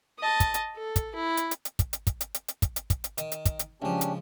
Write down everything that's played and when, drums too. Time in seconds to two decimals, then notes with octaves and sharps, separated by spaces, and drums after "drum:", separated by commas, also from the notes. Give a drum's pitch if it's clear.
0.19 D#5 A5
0.40 drum: kick, hi-hat
0.54 drum: hi-hat
0.76 A4
0.96 drum: kick, hi-hat
1.15 E4
1.37 drum: hi-hat
1.51 drum: hi-hat
1.65 drum: hi-hat
1.79 drum: kick, hi-hat
1.93 drum: hi-hat
2.07 drum: kick, hi-hat
2.21 drum: hi-hat
2.34 drum: hi-hat
2.48 drum: hi-hat
2.62 drum: kick, hi-hat
2.76 drum: hi-hat
2.90 drum: kick, hi-hat
3.04 drum: hi-hat
3.18 D#3, drum: hi-hat
3.32 drum: hi-hat
3.45 drum: kick, hi-hat
3.59 drum: hi-hat
3.82 C#2 F3 C#4 D4 G4
4.01 drum: hi-hat